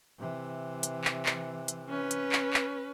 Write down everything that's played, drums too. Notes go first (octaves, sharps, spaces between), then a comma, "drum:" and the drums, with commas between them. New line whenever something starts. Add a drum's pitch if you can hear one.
C3 E3
drum: hi-hat
drum: clap
drum: clap
drum: hi-hat
C#4 B4
drum: hi-hat
drum: clap
drum: clap